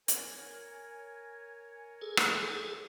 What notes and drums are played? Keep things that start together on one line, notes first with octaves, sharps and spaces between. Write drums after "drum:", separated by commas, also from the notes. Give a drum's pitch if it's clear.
A#4 C#5 G#5, drum: hi-hat
G#4 A4
drum: rim click